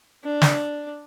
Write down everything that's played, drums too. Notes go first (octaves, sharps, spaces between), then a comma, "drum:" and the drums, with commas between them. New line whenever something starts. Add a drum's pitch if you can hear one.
D4 D5
drum: snare